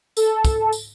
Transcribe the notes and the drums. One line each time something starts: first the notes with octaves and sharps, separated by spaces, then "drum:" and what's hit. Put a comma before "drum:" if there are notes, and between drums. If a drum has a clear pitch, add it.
A4, drum: tambourine
drum: kick, tambourine
drum: tambourine